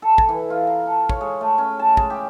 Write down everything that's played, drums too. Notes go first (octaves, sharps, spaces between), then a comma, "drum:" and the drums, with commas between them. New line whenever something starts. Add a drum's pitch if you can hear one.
A4
drum: kick
E3
F4
A#5
A4
C#5, drum: kick
G#3
A3
C#4
A5
G#3, drum: kick
G4